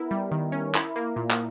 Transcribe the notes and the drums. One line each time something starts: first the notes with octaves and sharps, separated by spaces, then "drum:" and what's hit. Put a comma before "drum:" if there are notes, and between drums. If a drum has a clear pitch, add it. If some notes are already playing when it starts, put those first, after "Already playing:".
Already playing: B3 E4 A#4
G3
D#3
C#4
E4, drum: clap
A#3
A#2
drum: clap